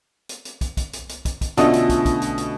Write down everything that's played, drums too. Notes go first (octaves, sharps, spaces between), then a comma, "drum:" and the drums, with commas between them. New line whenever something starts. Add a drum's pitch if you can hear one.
drum: hi-hat
drum: hi-hat
drum: kick, hi-hat
drum: kick, hi-hat
drum: hi-hat
drum: hi-hat
drum: kick, hi-hat
drum: kick, hi-hat
B2 D3 A3 C#4 F4 D#5, drum: hi-hat
drum: hi-hat
drum: kick, hi-hat
drum: kick, hi-hat
drum: hi-hat
drum: hi-hat